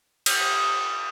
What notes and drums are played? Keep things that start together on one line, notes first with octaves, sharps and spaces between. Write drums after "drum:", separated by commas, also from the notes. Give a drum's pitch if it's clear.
D#6, drum: cymbal